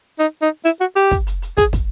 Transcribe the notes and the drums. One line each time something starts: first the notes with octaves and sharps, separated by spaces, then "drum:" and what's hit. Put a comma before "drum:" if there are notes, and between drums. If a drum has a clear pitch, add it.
D#4, drum: hi-hat
D#4
E4, drum: hi-hat
F#4
G4, drum: hi-hat
drum: kick, hi-hat
drum: hi-hat
drum: hi-hat
G#4, drum: kick, hi-hat
drum: kick, hi-hat